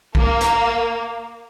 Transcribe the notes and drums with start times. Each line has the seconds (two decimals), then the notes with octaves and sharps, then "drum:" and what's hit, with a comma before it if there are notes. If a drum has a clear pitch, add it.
0.15 A#3, drum: kick
0.41 drum: hi-hat